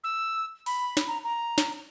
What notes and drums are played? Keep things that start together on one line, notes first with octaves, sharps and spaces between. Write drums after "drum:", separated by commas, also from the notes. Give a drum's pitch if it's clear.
E6
B5, drum: open hi-hat
drum: snare
A#5
A#5
drum: snare